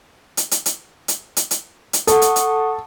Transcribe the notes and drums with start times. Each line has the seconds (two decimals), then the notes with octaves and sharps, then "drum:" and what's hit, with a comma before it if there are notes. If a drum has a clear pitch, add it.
0.37 drum: hi-hat
0.51 drum: hi-hat
0.66 drum: hi-hat
1.08 drum: hi-hat
1.37 drum: hi-hat
1.51 drum: hi-hat
1.93 drum: hi-hat
2.07 A4 F#5 C#6 D#6, drum: hi-hat
2.22 drum: hi-hat
2.36 drum: hi-hat